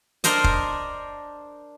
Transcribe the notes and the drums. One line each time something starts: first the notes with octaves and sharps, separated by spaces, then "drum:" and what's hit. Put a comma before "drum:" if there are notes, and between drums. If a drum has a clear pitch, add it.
D4 A#4 C5 D#5, drum: hi-hat
drum: kick F1